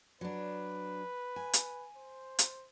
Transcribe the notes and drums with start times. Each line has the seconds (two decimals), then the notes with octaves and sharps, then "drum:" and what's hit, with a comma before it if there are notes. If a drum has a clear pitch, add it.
0.21 F#3 D4 B4
1.36 G#5
1.53 drum: hi-hat
1.97 C5
2.39 drum: hi-hat